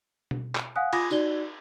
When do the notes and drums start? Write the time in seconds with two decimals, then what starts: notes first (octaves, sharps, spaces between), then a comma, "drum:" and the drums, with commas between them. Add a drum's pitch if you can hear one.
0.31 drum: tom B2
0.55 drum: clap
0.76 F5 F#5 G#5 D#6 F#6
0.93 F4 G#5 B5 D6 D#6 A#6, drum: cymbal
1.10 D#4 F#4 D5 G7, drum: tambourine